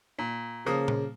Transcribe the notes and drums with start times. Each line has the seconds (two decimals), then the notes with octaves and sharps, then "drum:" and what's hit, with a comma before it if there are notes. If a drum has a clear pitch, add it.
0.19 A#2
0.66 C#3 F3 A#3 D#6
0.88 drum: tom A#2